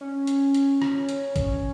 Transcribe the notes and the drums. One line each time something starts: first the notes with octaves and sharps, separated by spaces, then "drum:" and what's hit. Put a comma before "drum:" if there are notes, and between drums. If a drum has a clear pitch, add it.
C#4
drum: hi-hat
drum: hi-hat
drum: rim click
drum: hi-hat
drum: kick, hi-hat